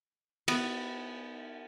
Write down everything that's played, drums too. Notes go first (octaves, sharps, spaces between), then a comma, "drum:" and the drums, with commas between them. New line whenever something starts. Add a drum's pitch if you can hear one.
B3, drum: cymbal